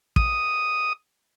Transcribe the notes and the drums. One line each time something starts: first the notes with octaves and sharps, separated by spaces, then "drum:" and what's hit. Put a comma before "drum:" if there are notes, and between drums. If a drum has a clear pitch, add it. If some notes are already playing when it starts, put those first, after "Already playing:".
D#6, drum: kick